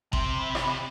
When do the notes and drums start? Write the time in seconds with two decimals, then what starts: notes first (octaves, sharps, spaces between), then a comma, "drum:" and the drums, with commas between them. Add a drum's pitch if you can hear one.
0.13 C3 C6, drum: kick
0.37 B5
0.55 drum: rim click